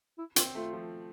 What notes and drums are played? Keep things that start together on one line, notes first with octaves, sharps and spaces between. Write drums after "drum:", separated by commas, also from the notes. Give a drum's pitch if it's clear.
E4
C4 F4, drum: hi-hat
A3 F4
F3